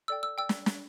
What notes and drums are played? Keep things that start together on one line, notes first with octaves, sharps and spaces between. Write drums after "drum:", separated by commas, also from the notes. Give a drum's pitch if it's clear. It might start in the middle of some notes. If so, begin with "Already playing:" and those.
A4 D5 G5 E6
E6
D5 G5 E6
drum: snare
drum: snare